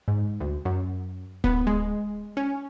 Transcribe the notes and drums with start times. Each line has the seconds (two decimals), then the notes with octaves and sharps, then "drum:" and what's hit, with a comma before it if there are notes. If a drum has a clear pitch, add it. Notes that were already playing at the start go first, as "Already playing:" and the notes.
0.08 G#2
0.40 D2
0.65 F#2
1.44 B3, drum: kick D1
1.67 G#3
2.37 C#4